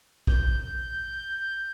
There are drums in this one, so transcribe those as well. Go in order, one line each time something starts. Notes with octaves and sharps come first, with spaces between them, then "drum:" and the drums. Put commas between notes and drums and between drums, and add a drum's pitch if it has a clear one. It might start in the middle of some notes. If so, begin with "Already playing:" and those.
G6, drum: kick